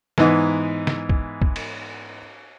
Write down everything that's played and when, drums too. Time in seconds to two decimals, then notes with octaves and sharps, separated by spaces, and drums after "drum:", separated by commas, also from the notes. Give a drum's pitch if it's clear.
0.18 G#2 E3 B3 D#4, drum: snare
0.87 drum: snare
1.09 drum: kick
1.42 drum: kick
1.56 drum: cymbal